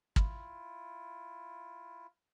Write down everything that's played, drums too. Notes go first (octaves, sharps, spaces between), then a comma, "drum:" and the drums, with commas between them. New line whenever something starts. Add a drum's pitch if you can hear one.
E4 F4, drum: kick